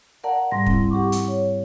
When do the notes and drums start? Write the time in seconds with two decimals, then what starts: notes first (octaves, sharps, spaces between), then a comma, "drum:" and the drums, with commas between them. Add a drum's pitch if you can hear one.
0.24 A#4 D5 F5 F#5 A5 A#5
0.51 G#2 G3 C6 A#6
0.66 C4 E4, drum: kick
0.91 G4 F#5 C#6 D6
1.12 drum: hi-hat
1.28 C#5